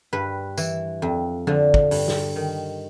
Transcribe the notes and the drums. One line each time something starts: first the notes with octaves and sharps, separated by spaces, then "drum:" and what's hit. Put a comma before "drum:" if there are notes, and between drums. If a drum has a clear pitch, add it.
G2 B4
E3, drum: tambourine
F2
D3 F3, drum: tom F3
drum: kick
G2, drum: open hi-hat
drum: snare
D#3